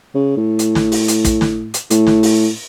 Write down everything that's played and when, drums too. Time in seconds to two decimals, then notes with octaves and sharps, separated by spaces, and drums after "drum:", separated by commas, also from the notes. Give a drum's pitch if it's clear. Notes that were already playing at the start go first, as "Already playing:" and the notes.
0.15 C#3
0.37 A2
0.59 drum: hi-hat
0.75 drum: snare
0.92 drum: open hi-hat
1.08 drum: hi-hat
1.25 drum: kick, hi-hat
1.41 drum: snare
1.74 drum: hi-hat
1.90 A2, drum: hi-hat
2.07 drum: snare
2.23 drum: open hi-hat